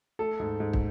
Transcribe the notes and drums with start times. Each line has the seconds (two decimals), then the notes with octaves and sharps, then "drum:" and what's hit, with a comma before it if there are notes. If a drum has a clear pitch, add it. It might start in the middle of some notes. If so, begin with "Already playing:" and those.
0.19 A3 A4
0.40 G#2
0.60 G#2
0.73 drum: kick